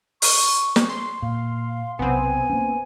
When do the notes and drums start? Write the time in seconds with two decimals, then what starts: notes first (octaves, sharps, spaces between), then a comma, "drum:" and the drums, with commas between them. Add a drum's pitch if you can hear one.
0.22 C#6, drum: open hi-hat
0.76 drum: snare
0.89 C6
1.22 A#2 F5
1.99 B1 C3 B3 C4 G#5
2.50 A#3 C#4